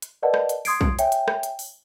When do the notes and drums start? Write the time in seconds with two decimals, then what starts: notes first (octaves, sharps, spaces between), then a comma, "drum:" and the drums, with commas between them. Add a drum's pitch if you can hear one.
0.02 drum: hi-hat
0.22 A#4 B4 D5 D#5 F#5 A5
0.34 drum: rim click
0.49 drum: hi-hat
0.65 C6 D#6 G#6 C7 D7, drum: open hi-hat
0.81 drum: kick B1
0.99 C#5 E5 G5 G#5, drum: hi-hat
1.12 drum: hi-hat
1.28 drum: rim click
1.43 drum: hi-hat
1.59 drum: open hi-hat